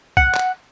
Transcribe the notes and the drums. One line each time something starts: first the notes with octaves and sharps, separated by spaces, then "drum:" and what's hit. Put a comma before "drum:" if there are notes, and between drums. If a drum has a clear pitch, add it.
F#5, drum: kick
drum: clap